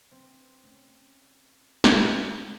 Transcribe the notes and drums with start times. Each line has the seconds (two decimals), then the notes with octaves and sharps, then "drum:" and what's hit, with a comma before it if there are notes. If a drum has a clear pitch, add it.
0.11 C4
0.64 A3 C#4
1.84 drum: snare